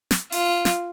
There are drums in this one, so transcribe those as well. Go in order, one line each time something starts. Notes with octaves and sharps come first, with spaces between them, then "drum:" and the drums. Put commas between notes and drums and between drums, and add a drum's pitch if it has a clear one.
drum: snare
F4, drum: open hi-hat
drum: snare